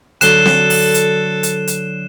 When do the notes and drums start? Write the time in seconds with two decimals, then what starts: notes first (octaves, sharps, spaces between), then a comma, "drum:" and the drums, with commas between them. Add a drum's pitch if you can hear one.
0.21 D3 F#3 D4 A4 F#6 C7 E7 G7, drum: hi-hat
0.46 drum: snare C4
0.70 drum: open hi-hat
0.94 drum: hi-hat
1.43 drum: hi-hat
1.67 drum: hi-hat